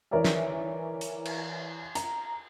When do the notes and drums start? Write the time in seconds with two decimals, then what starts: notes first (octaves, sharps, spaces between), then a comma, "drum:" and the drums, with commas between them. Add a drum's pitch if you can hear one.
0.11 E3 A#4 C#5 D5 E5
0.25 drum: snare
1.01 drum: hi-hat
1.25 drum: cymbal
1.95 A#5, drum: hi-hat